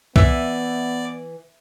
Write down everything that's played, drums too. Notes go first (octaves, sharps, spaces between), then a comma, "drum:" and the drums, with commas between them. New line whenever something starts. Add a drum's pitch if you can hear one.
E3 B3 D5 E5, drum: kick